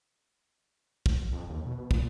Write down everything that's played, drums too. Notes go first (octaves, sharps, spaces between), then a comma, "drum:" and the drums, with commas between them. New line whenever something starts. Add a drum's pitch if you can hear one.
drum: kick
F2
D#2
B2
A#2, drum: kick